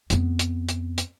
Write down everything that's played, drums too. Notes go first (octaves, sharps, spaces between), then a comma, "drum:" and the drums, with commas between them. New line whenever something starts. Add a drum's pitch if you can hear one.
F2 B3, drum: hi-hat
drum: hi-hat
drum: hi-hat
drum: hi-hat